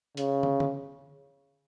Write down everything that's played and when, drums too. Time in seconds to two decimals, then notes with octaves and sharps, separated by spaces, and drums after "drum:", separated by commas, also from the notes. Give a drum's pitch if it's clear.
0.17 C#3, drum: hi-hat
0.43 drum: tom
0.60 drum: tom